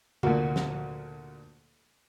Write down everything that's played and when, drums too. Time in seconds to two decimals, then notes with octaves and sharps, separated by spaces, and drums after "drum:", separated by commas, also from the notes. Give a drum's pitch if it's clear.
0.23 D2 A#2 A#3 F#4, drum: tom C3
0.56 drum: snare